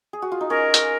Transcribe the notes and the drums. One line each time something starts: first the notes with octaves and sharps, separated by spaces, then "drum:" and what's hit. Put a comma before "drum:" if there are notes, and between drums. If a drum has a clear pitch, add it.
G#4
F#4
F4
D#4
C#4 A#4
drum: hi-hat